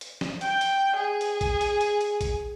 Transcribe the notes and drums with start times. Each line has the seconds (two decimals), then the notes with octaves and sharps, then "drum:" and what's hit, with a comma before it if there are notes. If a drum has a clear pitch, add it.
0.01 drum: hi-hat
0.21 drum: snare
0.41 G5, drum: hi-hat
0.61 drum: hi-hat
0.97 G#4
1.21 drum: hi-hat
1.41 drum: kick, hi-hat
1.61 drum: hi-hat
1.81 drum: hi-hat
2.01 drum: hi-hat
2.21 drum: kick, hi-hat